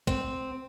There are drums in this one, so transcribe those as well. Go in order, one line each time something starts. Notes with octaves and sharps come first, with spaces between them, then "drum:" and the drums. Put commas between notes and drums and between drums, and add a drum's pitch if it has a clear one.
C4, drum: kick